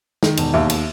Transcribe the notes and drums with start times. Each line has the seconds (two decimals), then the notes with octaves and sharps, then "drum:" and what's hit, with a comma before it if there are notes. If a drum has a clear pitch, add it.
0.23 D#3, drum: snare
0.37 E1, drum: cymbal
0.53 D#2 E5
0.70 drum: cymbal